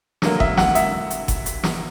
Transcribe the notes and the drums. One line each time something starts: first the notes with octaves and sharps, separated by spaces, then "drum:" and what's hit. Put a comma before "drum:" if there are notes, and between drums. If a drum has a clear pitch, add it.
D3 F#3 A#3, drum: snare
E5, drum: kick F#1
F#5, drum: snare
E5, drum: hi-hat
drum: hi-hat
drum: kick F#1, hi-hat
drum: hi-hat
drum: snare